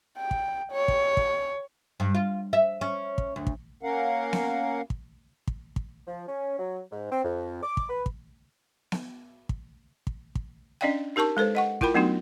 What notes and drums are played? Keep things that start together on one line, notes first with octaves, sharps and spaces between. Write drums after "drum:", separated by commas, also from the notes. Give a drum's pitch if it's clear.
G5
drum: kick
C#5
drum: kick
drum: kick
G2
F4
E5
C#4
drum: kick
D2
drum: kick
A#3 C#4 A#4 F5 F#5
drum: snare B3
drum: kick
drum: kick
drum: kick
F3
C#4
F#3
G#2
C4
F2
D6
drum: kick
B4
drum: kick
drum: snare B3
drum: kick
drum: kick
drum: kick
C#4 D4 D5 D#5 F5 G5
D#4 G4 A#4 A5 C#6
G#3 A4 B4 C5
D#5 F#5 C#6
E4 F4 A#4 G5 B5, drum: kick
F#3 A3 B3 D4 D#4 F#4